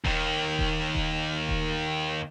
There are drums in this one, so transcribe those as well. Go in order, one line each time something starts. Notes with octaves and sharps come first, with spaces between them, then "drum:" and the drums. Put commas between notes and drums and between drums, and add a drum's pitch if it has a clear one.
D#2 D#3, drum: kick D#1
drum: kick D#1
drum: kick D#1
drum: kick D#1